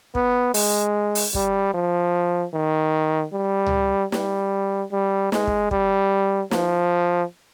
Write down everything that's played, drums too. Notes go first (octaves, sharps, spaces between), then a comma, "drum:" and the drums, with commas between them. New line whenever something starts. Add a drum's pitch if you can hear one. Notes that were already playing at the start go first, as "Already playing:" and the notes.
B3, drum: kick
G#3, drum: open hi-hat
drum: open hi-hat
G3, drum: kick
F3
D#3
G3
drum: tom C#2
G3, drum: snare
G3
G#3, drum: snare
drum: kick
G3, drum: kick
F3, drum: snare